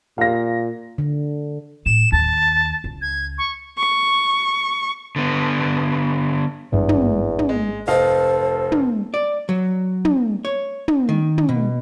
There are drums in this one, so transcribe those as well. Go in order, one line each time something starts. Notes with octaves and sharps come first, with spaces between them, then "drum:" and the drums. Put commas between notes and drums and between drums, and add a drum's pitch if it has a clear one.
A#2 F5 A#6
D3
A2 E7
D#2 A5
C#2
G#6
C#6
C#6
D3 B3
G#1 E2 G2 G3
drum: tom
drum: tom
G#3
F1 A4 C5 D#5 F5
drum: tom
D5
F#3
drum: tom
C#5
drum: tom
D#3
drum: tom
B2